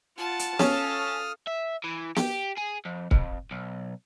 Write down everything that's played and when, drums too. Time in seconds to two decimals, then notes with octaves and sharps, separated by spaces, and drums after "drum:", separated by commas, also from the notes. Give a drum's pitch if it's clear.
0.18 F4 F#5 A5
0.39 drum: hi-hat
0.59 C#4 A4 F5 D#6 F6, drum: snare B3
1.47 E5
1.84 E3
2.16 G4, drum: snare B3
2.57 G#4
2.85 F2
3.11 F2, drum: kick C#1
3.51 B1